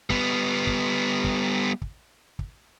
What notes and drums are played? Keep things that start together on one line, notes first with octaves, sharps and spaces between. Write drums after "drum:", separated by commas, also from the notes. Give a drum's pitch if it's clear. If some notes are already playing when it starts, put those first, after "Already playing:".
G3 B3, drum: kick
drum: kick
drum: kick
drum: kick
drum: kick